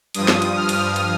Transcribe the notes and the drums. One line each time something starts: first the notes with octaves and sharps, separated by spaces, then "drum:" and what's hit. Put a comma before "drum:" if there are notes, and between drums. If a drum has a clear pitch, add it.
G2 F3 D#6, drum: cymbal
drum: snare
drum: cymbal
F6
drum: cymbal
drum: cymbal